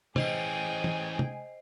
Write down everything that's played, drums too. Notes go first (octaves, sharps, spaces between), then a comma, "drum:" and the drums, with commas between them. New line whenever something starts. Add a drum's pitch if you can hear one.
E3 C#4 G#4 C5 D#5 G5 G#5 C7, drum: tom
drum: tom
drum: tom